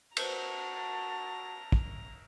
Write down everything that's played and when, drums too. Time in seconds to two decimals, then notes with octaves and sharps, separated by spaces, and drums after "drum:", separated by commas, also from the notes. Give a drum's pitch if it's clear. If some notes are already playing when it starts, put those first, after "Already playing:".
0.17 F#4 B4 C5 A5 A#5 G6, drum: cymbal
1.72 drum: kick